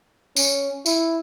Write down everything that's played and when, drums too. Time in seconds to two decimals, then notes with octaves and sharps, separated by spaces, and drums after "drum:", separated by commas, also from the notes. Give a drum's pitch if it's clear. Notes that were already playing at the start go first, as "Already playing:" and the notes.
0.36 C#4, drum: tambourine
0.86 E4, drum: tambourine